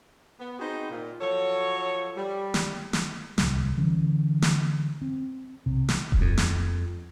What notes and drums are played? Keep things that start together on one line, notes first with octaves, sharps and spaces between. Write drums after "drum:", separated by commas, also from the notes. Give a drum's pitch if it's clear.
B3
C4 D#4 F#4 G#4 B4 C5
A#2
F3 F#3 A4 C#5
G3
drum: snare
drum: snare
D1 C2 G3, drum: snare
D3 E3 C#4
drum: snare
C4
B1 C3
drum: snare
drum: kick D#1
F2
drum: snare